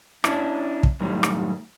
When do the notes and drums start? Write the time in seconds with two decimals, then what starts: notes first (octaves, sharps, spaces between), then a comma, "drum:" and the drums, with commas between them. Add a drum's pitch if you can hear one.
0.24 C#4 D4 E4, drum: rim click
0.83 drum: kick
1.00 F#2 A2 D#3 G3
1.23 drum: rim click